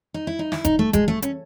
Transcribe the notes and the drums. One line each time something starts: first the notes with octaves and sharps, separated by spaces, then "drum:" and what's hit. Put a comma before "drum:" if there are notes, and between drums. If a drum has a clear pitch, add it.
D#4
E4
D#4
E4, drum: snare
D#4, drum: kick F1, hi-hat
A3
G#3, drum: kick F1, hi-hat
A3
C#4, drum: hi-hat